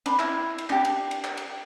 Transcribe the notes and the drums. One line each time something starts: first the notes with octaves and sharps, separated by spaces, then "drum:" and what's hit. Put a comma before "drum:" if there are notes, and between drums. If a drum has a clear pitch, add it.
D4 B5, drum: cymbal
E4, drum: clap
drum: cymbal
D4 G4, drum: clap
drum: cymbal
drum: cymbal
drum: clap
drum: cymbal